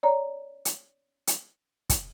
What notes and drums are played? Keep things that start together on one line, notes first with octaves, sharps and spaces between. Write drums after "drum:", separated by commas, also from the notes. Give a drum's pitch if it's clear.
C#5 D5 A#5
drum: hi-hat
drum: hi-hat
drum: kick, hi-hat